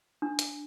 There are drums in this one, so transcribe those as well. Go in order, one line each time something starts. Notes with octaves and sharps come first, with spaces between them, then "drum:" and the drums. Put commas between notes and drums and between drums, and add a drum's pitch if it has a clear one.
D4
drum: hi-hat